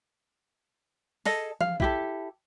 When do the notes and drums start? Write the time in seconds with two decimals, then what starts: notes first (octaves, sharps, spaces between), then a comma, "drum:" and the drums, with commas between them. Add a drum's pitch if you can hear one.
1.25 G#4 A4 D#5, drum: open hi-hat
1.61 F5, drum: tom F3
1.80 E4 G4 A4, drum: kick